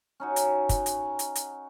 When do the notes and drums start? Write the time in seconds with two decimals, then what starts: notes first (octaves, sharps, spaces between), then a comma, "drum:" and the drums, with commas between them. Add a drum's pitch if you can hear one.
0.20 C#4 D#4 F#4
0.36 drum: hi-hat
0.69 drum: kick, hi-hat
0.86 drum: hi-hat
1.19 drum: hi-hat
1.35 drum: hi-hat